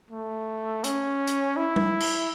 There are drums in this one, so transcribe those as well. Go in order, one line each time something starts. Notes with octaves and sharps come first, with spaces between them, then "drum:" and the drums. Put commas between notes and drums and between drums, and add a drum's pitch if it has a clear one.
A3
C#4, drum: hi-hat
drum: hi-hat
E4
drum: tom G3
drum: cymbal